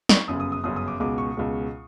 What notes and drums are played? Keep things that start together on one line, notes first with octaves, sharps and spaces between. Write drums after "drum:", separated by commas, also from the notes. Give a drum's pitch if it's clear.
C#6, drum: snare
G1 F#2 C#3 D#6
D#6
D#6
G1 F#2 C#3 D#6
D#6
D6
C#2 B2 G#3 D6
C#6
C#2 B2 G#3